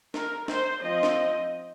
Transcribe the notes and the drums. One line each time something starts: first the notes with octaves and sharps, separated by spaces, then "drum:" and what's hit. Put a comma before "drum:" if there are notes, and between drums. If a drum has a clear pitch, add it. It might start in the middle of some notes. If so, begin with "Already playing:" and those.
A#4, drum: snare
C5, drum: snare
F3 C4 D#5
drum: snare